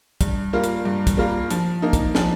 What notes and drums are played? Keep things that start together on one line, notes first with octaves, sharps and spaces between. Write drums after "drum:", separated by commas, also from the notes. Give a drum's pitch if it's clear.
G2, drum: kick, hi-hat
G3 A#3 F4 A#4
drum: hi-hat
G2
drum: kick, hi-hat
G3 A#3 F4 A#4
F3, drum: hi-hat
A#3 D#4
drum: kick, hi-hat
F3, drum: snare